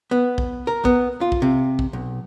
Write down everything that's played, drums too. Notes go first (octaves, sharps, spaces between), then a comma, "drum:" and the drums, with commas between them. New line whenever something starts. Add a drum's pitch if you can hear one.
B3
drum: kick
A#4
B3, drum: kick
F4
drum: kick
C3
drum: kick
B1